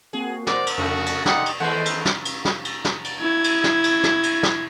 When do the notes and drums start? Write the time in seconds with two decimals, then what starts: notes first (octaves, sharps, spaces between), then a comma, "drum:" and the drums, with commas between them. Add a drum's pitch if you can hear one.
0.13 A#3 C4 F#4 G#4
0.47 A#4 C5 D5 F#5, drum: snare
0.67 drum: cymbal
0.78 F2 C3 A3 F#4
1.06 drum: cymbal
1.25 D#4 G4 D5 D#5 F#5 C6, drum: snare
1.46 drum: cymbal
1.60 D#2 G#3 A3 A4 B4 C5 F#5
1.85 drum: cymbal
2.05 drum: snare
2.25 drum: cymbal
2.45 drum: snare
2.65 drum: cymbal
2.85 drum: snare
3.04 drum: cymbal
3.20 E4 G#6
3.44 drum: cymbal
3.64 drum: snare
3.84 drum: cymbal
4.03 drum: snare
4.23 drum: cymbal
4.43 drum: snare